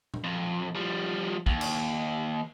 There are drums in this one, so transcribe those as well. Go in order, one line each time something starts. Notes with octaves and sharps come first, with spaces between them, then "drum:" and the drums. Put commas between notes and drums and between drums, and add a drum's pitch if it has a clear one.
drum: tom A#2
F2
F3 G3
D#2, drum: kick
drum: cymbal